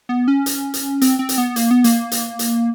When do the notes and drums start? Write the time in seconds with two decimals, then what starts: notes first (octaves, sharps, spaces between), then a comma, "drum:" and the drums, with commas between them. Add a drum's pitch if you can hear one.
0.09 B3
0.28 C#4
0.46 drum: hi-hat
0.74 drum: hi-hat
1.01 C4, drum: hi-hat
1.19 C4
1.29 drum: hi-hat
1.38 B3
1.56 A#3, drum: hi-hat
1.71 B3
1.84 A#3, drum: hi-hat
2.11 drum: hi-hat
2.39 drum: hi-hat